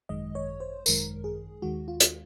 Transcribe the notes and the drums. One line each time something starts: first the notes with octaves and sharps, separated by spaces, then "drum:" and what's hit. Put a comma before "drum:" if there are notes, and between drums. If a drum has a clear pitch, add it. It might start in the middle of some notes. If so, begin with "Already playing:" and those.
G#1 F#2 D#3 G#3 D#5
C#5
C5
G#1 F#2 D#3 G#3 A#4, drum: tambourine
G#4
D#2 D#3 G#3 F#4
F4
drum: hi-hat